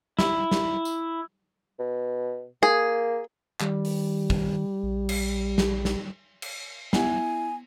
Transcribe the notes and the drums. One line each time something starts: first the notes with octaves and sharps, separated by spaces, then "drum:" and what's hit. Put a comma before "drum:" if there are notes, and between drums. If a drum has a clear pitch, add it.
E4, drum: snare
drum: snare
drum: tambourine
B2
A#3 G#4
D#3 G3, drum: clap
drum: open hi-hat
drum: kick
A#1
drum: cymbal
drum: snare
drum: snare
drum: cymbal
B3 E4 G#5, drum: snare